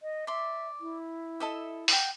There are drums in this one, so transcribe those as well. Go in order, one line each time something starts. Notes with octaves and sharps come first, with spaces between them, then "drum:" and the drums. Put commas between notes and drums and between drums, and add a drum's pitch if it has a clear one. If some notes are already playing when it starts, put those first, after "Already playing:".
D#5
D5 E5 C6
E4
A4 D#5 E5
F#5 G5, drum: open hi-hat